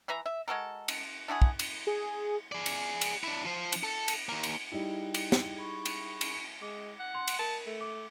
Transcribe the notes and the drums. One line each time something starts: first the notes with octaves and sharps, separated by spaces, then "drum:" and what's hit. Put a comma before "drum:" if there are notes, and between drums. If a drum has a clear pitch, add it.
E3 B4 E5 A#5
E5
G#3 F#4 A4 A#4
drum: cymbal
D4 E4 F#4 G#4
drum: kick
drum: cymbal
G#4
G#4 D5
drum: cymbal
drum: cymbal
D4 E4
F3 C5
drum: cymbal
A4
drum: cymbal
D#2 A#3
drum: cymbal
G3 D#4 E4 G#4 G5
drum: cymbal
drum: snare
G#4 B5 C#6
drum: cymbal
drum: cymbal
G#3 D6
F#5
C6
drum: cymbal
A#4 A5
A3
D6